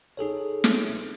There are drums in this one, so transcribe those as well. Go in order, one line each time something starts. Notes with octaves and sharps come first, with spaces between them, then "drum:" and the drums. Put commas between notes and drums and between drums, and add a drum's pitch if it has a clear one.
D#4 G#4 A4 C#5
drum: snare